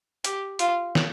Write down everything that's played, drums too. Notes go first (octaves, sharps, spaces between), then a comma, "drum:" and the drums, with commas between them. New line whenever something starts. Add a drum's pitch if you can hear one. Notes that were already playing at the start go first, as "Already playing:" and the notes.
G4, drum: hi-hat
F4, drum: hi-hat
drum: snare